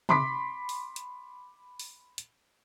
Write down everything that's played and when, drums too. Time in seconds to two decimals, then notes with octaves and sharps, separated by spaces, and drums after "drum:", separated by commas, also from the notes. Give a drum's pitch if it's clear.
0.09 B5 C6 D6 B6, drum: tom
0.69 drum: open hi-hat
0.96 drum: hi-hat
1.79 drum: open hi-hat
2.18 drum: hi-hat